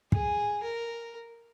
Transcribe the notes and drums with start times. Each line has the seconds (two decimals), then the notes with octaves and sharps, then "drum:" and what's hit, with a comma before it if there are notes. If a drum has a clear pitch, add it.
0.12 G#4, drum: kick
0.63 A#4